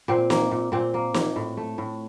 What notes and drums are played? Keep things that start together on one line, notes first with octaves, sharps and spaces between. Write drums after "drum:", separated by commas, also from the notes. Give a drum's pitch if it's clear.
A#2 C4
A#3, drum: snare
A#2
A#2 C4
A#3
A#2, drum: snare
A2
A3
A2